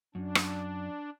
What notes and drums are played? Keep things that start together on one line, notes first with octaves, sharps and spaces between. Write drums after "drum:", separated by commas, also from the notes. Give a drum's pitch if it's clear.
F#2 D4
drum: rim click